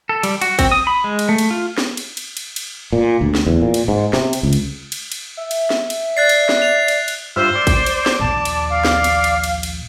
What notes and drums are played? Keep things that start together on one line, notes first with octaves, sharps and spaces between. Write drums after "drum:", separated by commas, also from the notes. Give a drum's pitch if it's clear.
A4
G3, drum: cymbal
F#4, drum: cymbal
C4, drum: kick, cymbal
D#6
B5
G#3
drum: cymbal
A3
drum: cymbal
F4
drum: snare
drum: cymbal
drum: cymbal
drum: cymbal
drum: cymbal
A#2
D2
drum: snare
E2
A#2
drum: cymbal
G#2
C3, drum: snare
drum: cymbal
C#2
drum: cymbal
drum: cymbal
drum: cymbal
E5
drum: cymbal
drum: snare
drum: cymbal
D5 F#6 A6 C7
drum: cymbal
drum: snare
F7
drum: cymbal
drum: cymbal
G2 F4 C5 E5
D5
drum: kick, cymbal
drum: cymbal
drum: snare
A#1 D#2 A5
drum: cymbal
F5
drum: snare
drum: cymbal
drum: cymbal
drum: cymbal
drum: cymbal